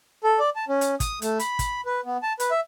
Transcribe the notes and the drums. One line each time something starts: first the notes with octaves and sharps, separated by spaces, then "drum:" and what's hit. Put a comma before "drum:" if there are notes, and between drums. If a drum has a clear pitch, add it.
A4
D5
A5
C#4
drum: hi-hat
D#6, drum: kick, hi-hat
A3, drum: hi-hat
B5, drum: hi-hat
drum: kick, hi-hat
B4
B3
A5
B4, drum: hi-hat
E5